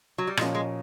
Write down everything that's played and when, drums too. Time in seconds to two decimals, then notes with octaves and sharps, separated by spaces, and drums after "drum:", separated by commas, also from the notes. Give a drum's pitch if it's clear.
0.18 F#3
0.27 G3
0.37 A#2 F3 G#3 A#3 C#4, drum: rim click
0.55 G#3